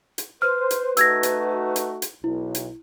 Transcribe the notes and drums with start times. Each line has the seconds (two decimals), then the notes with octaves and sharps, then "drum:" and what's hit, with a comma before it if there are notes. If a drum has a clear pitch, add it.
0.18 drum: hi-hat
0.42 B4 C5 F6
0.71 drum: hi-hat
0.97 A3 D#4 F#4 E6 G#6 A#6, drum: hi-hat
1.23 drum: hi-hat
1.76 drum: hi-hat
2.02 drum: hi-hat
2.24 B1 E4
2.55 drum: hi-hat